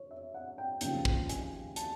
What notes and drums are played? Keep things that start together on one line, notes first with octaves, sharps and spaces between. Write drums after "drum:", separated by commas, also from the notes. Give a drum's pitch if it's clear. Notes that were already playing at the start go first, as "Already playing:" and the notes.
Already playing: C#5
E5
F#5
G5
D#2 C#3 F3 G5, drum: hi-hat
drum: kick
G#5, drum: hi-hat
A5, drum: hi-hat